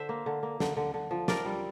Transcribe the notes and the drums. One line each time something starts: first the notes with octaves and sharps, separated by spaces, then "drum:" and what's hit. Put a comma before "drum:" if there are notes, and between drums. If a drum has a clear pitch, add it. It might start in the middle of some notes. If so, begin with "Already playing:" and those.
Already playing: D3 C5 E5
A#3
D3
A#3
D3, drum: snare
D3
D3
F3
C4 A#4 D5, drum: snare
G3